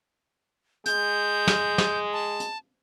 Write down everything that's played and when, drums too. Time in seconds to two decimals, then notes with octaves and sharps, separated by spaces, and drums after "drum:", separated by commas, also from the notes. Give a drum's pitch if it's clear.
0.86 G#3 G6, drum: hi-hat
1.47 drum: snare
1.78 drum: snare
2.13 A5
2.40 drum: hi-hat